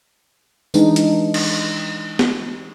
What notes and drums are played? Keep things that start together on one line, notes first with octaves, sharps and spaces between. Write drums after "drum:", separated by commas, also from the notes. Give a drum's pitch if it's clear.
E3 G#3 D4 D#4, drum: tambourine
drum: hi-hat
drum: cymbal
drum: snare